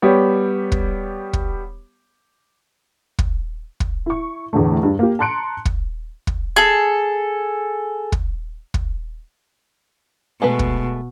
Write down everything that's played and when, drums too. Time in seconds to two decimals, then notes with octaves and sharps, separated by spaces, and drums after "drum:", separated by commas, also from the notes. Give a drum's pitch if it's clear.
0.02 G3 B3 G4 C#5
0.72 drum: kick
1.33 drum: kick
3.19 drum: kick
3.80 drum: kick
4.06 E4 C#6
4.53 E2 A2 D3 A3
4.83 G2
4.99 A#3 G4
5.19 A5 A#5 C6 F#6 C#7 D7
5.65 drum: kick
6.27 drum: kick
6.56 G#4 A4
8.12 drum: kick
8.74 drum: kick
10.42 B2 G#3 A3 B4
10.59 drum: kick